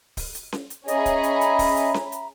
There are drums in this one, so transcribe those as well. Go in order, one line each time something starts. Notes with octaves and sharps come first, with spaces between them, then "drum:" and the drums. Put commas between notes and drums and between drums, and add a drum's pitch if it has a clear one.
drum: kick D1, open hi-hat
drum: hi-hat
drum: snare C#4
drum: hi-hat
C#4 G#4 D#5 E5 A#5 B5, drum: hi-hat
drum: kick D1, hi-hat
drum: hi-hat
drum: hi-hat
drum: kick D1, open hi-hat
drum: hi-hat
drum: snare C#4
drum: hi-hat